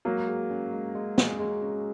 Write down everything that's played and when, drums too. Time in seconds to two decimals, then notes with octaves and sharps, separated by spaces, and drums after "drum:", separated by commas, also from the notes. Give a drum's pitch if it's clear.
0.05 F#3 G#3 A#3
0.28 G#4
0.51 C#4
0.73 G#3
0.95 G#3
1.18 G#4, drum: snare
1.40 G#3
1.62 C#4